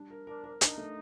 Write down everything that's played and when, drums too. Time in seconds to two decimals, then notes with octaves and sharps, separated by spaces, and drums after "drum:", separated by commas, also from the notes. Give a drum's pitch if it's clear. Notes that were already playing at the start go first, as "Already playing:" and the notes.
Already playing: G3 D4
0.10 A#4
0.27 D4 A#4
0.44 A#4
0.61 D4 D#4, drum: hi-hat
0.77 A3